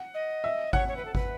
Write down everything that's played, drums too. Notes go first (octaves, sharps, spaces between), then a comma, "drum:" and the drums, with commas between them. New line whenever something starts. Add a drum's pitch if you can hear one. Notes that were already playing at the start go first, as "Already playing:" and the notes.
Already playing: F#5
D#5
E5
C#5 F#5, drum: kick G#1
C#5
B4
A4
B4, drum: kick G#1